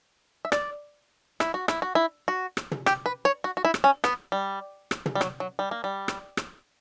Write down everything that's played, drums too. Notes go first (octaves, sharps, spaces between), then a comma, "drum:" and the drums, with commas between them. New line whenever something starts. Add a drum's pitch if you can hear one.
E5
D5, drum: rim click
E4, drum: rim click
F#4
E4, drum: rim click
F#4
E4
F#4
drum: rim click
drum: tom
G4, drum: rim click
B4
C#5
F#4
F#4
E4
drum: rim click
C#4
B3, drum: rim click
G3
drum: rim click
drum: tom
G3
F#3, drum: rim click
F#3
G3
A#3
G3
drum: rim click
drum: rim click